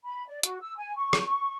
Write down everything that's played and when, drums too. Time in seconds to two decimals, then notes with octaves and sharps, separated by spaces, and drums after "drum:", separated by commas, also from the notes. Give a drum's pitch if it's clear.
0.05 B5
0.27 D5
0.43 F#4, drum: hi-hat
0.61 E6
0.77 G#5
0.96 C#6
1.13 drum: rim click
1.26 C#6